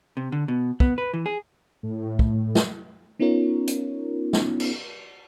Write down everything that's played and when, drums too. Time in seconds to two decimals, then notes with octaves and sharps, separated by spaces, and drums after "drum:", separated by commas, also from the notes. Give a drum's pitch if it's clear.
0.17 C3
0.32 D3
0.48 B2
0.80 B3, drum: kick
0.98 B4
1.13 E3
1.26 G#4
1.83 A2
2.19 drum: kick
2.55 drum: snare
3.19 B3 C#4 D#4 F4 A#4 C#5
3.68 drum: hi-hat
4.33 drum: snare
4.60 drum: cymbal